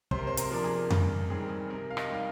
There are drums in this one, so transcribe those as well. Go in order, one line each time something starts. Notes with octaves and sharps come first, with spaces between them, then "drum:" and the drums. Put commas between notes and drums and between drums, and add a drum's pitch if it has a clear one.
C3 C5, drum: kick
A#4
C5
A#4, drum: hi-hat
F3 A#3 D4 A#4
G#4
G2 A#4, drum: tom F2
D#3 G3 C4 G#4
A#4
G#4
C3 A#4
F5
D#5, drum: rim click
D#3 G3 F5